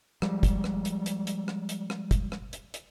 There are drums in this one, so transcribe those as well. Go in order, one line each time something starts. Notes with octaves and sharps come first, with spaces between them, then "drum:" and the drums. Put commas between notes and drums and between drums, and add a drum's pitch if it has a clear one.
F3 G3 G#3, drum: rim click
drum: kick, hi-hat
drum: rim click
drum: hi-hat
drum: hi-hat
drum: hi-hat
drum: rim click
drum: hi-hat
drum: rim click
drum: kick, hi-hat
drum: rim click
drum: hi-hat
drum: hi-hat